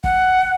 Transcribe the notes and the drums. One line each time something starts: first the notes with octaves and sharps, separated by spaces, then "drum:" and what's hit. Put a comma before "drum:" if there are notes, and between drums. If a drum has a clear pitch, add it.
F#5, drum: kick